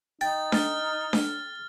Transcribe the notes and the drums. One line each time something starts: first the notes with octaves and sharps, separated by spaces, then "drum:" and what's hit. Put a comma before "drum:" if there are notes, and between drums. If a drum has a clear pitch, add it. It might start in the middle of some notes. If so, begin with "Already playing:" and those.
D#4 G5 A6
F6 A6, drum: snare D4
drum: snare D4